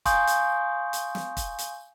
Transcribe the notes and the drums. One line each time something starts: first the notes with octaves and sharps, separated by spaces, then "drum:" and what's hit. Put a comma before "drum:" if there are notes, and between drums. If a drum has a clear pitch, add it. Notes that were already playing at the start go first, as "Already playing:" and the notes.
F5 G#5 C6 C#6 D#6 G6, drum: kick, hi-hat
drum: hi-hat
drum: hi-hat
drum: snare
drum: kick, hi-hat
drum: hi-hat